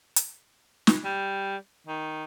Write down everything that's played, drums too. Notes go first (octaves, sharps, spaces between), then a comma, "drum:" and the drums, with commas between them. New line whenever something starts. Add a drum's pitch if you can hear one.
drum: hi-hat
drum: snare
G3
D#3